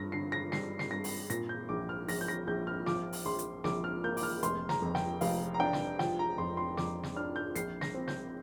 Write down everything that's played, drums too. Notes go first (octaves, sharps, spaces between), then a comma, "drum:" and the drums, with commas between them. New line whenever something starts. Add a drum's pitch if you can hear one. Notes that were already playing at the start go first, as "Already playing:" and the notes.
Already playing: G2 A#6
D3 C7
A#6
G3 C7, drum: snare
C7, drum: snare
G2 A#6
drum: open hi-hat
A#2 A#6, drum: hi-hat
G6
A#1 D6
F6
A#1 A#6, drum: open hi-hat
G6
A#6
A#1 G6
F6
F3 D6, drum: snare
drum: open hi-hat
A#1 C6
drum: hi-hat
A#1 D6, drum: snare
F6
A#3 G6
D6, drum: open hi-hat
F6
F1 C6, drum: hi-hat
A#5, drum: snare
F2
G5, drum: snare
F1 F5, drum: open hi-hat
A#5
D4 G5
drum: snare
F3 G5, drum: snare
A#5
F2 C6
C6
F2 D6, drum: snare
drum: snare
D4 F6
G6
A#1 C7, drum: hi-hat
A#6, drum: snare
C4
G6, drum: snare